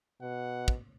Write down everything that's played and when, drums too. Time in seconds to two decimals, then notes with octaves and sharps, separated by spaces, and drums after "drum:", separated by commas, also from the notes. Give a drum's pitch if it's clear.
0.22 B2 F#5
0.68 drum: kick